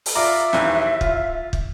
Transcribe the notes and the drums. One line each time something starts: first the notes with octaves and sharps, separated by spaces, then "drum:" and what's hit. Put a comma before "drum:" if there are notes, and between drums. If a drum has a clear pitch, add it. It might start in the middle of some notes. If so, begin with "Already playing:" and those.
drum: open hi-hat
F4 D5 E5 A#5
A#1 D#2 E3, drum: snare
F4, drum: kick
drum: kick